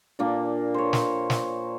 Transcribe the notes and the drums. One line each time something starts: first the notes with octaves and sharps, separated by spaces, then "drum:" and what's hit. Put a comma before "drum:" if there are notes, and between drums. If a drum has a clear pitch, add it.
A#2 A#3 D4
C5 C#5
drum: snare
drum: snare